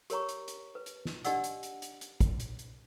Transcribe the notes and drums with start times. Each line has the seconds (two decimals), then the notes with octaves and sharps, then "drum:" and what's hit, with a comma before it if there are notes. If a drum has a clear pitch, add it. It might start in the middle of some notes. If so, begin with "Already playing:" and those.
0.10 G4 A#4 C#5 A#5 C#6, drum: hi-hat
0.29 drum: hi-hat
0.48 drum: hi-hat
0.75 B4
0.86 drum: hi-hat
1.05 drum: snare
1.25 D4 G4 D5 D#5 F#5 E6, drum: hi-hat
1.44 drum: hi-hat
1.63 drum: hi-hat
1.82 drum: hi-hat
2.01 drum: hi-hat
2.20 drum: kick, hi-hat
2.40 drum: hi-hat
2.59 drum: hi-hat